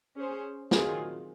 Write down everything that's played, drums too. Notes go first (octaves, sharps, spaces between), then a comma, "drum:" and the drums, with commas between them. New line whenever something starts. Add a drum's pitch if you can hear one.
C#4 G#4 C5
D#3 F#3 C4 F4 G#4, drum: snare